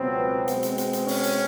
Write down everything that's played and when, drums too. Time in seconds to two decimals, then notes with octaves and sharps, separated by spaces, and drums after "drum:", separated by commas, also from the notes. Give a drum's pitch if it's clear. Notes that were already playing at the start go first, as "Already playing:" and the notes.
Already playing: C#2 B2 F#3 B3 C4
0.48 B2 G#3 C4, drum: hi-hat
0.63 drum: hi-hat
0.78 drum: hi-hat
0.93 drum: hi-hat
1.08 C#4, drum: open hi-hat
1.24 drum: hi-hat